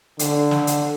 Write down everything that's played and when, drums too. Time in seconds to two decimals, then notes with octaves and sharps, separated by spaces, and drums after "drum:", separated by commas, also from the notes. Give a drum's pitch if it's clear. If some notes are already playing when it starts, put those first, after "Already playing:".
0.19 D3, drum: hi-hat
0.51 drum: snare
0.67 drum: hi-hat